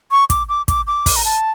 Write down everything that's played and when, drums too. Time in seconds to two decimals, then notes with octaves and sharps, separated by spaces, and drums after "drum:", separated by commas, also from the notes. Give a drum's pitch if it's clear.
0.11 C#6
0.30 D6, drum: kick, hi-hat
0.49 D6
0.68 D6, drum: kick, hi-hat
0.87 D6
1.06 drum: kick, open hi-hat
1.16 A#5
1.25 A5